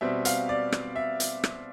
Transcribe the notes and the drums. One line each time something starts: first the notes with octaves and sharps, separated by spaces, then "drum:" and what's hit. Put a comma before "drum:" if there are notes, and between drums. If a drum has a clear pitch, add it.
B2 G3 C4 E5
F5, drum: hi-hat
D5
drum: rim click
E5
drum: hi-hat
drum: rim click